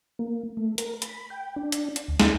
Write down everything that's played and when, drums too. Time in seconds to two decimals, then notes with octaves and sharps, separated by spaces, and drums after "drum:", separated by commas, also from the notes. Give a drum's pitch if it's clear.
0.19 A#3
0.57 A3
0.78 A#4, drum: hi-hat
1.02 B5, drum: hi-hat
1.30 G5
1.56 D4
1.72 drum: hi-hat
1.96 drum: hi-hat
2.08 D2
2.20 drum: snare